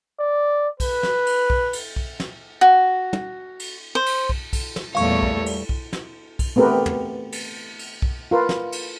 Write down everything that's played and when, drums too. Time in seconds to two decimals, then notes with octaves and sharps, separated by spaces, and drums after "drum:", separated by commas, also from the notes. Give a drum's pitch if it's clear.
0.20 D5
0.80 B4, drum: kick B1, cymbal
1.03 drum: snare
1.26 drum: cymbal
1.50 drum: kick B1
1.73 drum: cymbal
1.96 drum: kick B1
2.20 drum: snare
2.61 F#4
3.13 drum: tom
3.60 drum: cymbal
3.95 C5
4.06 drum: cymbal
4.29 drum: kick B1
4.53 drum: kick B1, cymbal
4.76 drum: snare
4.95 E2 A#2 G3 A3 C#5 F5 C#6
5.23 drum: kick B1
5.46 drum: cymbal
5.69 drum: kick B1
5.93 drum: snare
6.39 drum: kick B1, cymbal
6.56 A3 B3 C4 G4 A#4 B4
6.86 drum: tom
7.32 drum: cymbal
7.79 drum: cymbal
8.02 drum: kick B1
8.31 F4 A#4 B4
8.49 drum: snare
8.72 drum: cymbal